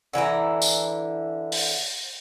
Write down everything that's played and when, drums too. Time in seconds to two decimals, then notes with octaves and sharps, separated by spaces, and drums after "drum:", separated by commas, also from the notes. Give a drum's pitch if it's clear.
0.13 D3 E3 E4 A#5
0.62 drum: tambourine
1.52 drum: open hi-hat